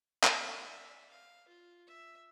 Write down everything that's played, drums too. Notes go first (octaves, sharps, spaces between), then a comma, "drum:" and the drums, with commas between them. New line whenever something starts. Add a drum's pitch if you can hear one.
E5, drum: clap
D5 E5
F5
F4
E5